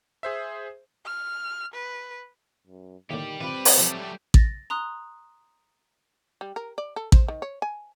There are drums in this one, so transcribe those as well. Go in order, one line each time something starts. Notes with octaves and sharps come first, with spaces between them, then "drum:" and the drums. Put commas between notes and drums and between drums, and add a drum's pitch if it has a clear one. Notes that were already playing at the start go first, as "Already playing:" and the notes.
G#4 C5 E5
F6
B4
F#2
D#2 A2 D3 D#3 G4 D5
D#3 C4 F4 B4
drum: open hi-hat
F3 F#3 A3
A6 A#6, drum: kick A1
A#5 C6 D#6 F#6
G3
A#4
D5
A4
C5, drum: kick A1
D#3
C#5
G#5